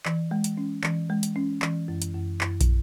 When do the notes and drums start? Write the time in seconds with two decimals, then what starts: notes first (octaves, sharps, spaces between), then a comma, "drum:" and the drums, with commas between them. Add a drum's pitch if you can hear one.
0.06 E3, drum: clap
0.31 G#3
0.44 drum: hi-hat
0.57 C#4
0.84 E3, drum: clap
1.10 G#3
1.23 drum: hi-hat
1.36 C#4
1.62 E3, drum: clap
1.88 F#2
2.02 drum: hi-hat
2.14 F#2
2.41 F#2, drum: clap
2.61 drum: kick, hi-hat